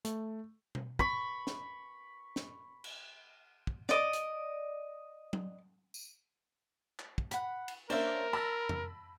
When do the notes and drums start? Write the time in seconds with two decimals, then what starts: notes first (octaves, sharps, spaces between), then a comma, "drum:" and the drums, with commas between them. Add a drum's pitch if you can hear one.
0.05 A3, drum: hi-hat
0.75 drum: tom B2
0.99 B5 C#6, drum: kick
1.47 drum: snare
2.36 drum: snare
2.84 drum: cymbal
3.67 drum: kick
3.89 D5 D#5, drum: snare
4.13 drum: hi-hat
5.33 drum: tom F#3
5.94 drum: tambourine
6.99 drum: clap
7.18 drum: kick
7.31 F#5 B5, drum: hi-hat
7.68 drum: cymbal
7.90 A#3 C#4 D4 A#4 C5 E5, drum: cymbal
8.33 A5 B5 E6 A#6
8.69 drum: tom F2